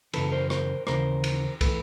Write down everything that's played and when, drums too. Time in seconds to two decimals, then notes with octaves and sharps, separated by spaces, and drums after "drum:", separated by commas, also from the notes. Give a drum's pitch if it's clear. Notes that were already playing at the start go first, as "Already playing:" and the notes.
0.13 F#2 C#3 E3 A4 B4, drum: cymbal
0.32 A#4 C5
0.50 A#4 C5, drum: rim click
0.87 D#2 C#3 E3 A#4 C5, drum: rim click
1.24 drum: cymbal
1.61 A2 E3 A4 B4, drum: kick, cymbal